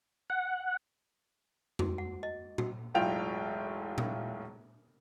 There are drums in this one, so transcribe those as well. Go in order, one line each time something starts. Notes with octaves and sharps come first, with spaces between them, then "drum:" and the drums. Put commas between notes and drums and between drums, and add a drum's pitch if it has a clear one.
F#5
F#4, drum: tom F2
F#5
D#5
F#4, drum: tom A#2
E1 B1 A2 F4 G5 F7
drum: tom A#2